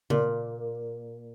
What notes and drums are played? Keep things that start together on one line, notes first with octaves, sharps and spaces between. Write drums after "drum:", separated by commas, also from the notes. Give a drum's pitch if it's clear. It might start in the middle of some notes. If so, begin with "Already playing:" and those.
A#2, drum: tom C#3